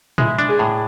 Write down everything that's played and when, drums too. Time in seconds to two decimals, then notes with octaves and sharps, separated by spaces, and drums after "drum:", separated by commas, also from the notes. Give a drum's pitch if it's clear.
0.18 G#3 E4, drum: tom A2
0.39 D4
0.49 G#4
0.59 A2